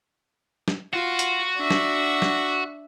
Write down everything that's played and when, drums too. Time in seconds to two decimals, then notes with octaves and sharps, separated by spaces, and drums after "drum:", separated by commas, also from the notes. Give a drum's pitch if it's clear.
0.68 drum: snare
0.93 F4 F#4
1.19 drum: hi-hat
1.57 D4 E5
1.71 drum: snare
2.22 drum: snare